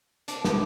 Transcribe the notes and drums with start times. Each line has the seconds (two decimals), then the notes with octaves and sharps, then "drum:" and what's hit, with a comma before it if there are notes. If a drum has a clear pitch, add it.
0.28 D4, drum: hi-hat
0.45 drum: snare